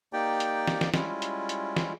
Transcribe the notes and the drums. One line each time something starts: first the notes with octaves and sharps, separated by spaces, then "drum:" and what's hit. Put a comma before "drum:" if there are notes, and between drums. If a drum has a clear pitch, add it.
A#3 D#4 G4 D5 G5
drum: hi-hat
drum: snare
drum: snare
G3 G#3 C#4 E4 F4, drum: snare
drum: hi-hat
drum: hi-hat
drum: snare